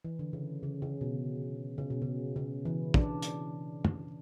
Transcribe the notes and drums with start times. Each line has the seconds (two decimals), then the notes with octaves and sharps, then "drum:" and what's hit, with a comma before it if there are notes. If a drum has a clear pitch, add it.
0.05 E3
0.19 D3
0.33 C#3
0.63 C#3
0.82 C#3
1.01 B2
1.78 C#3
1.90 B2
2.02 C#3
2.36 C#3
2.65 E3
2.94 D4, drum: kick
3.22 drum: hi-hat
3.85 drum: tom